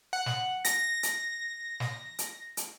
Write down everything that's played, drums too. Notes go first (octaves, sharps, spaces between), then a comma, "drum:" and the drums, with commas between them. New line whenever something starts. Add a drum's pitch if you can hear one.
F#5
drum: snare
A#6, drum: hi-hat
drum: hi-hat
drum: snare
drum: hi-hat
drum: hi-hat